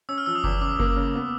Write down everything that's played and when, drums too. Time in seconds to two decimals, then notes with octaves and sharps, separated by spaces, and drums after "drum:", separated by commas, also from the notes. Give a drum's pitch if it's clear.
0.09 C#4 E6
0.18 F6
0.26 F3 E6
0.35 D#6
0.44 E2 D6, drum: kick F#1
0.61 C#3 D6
0.79 A#3, drum: kick F#1
0.96 C#3
1.15 B3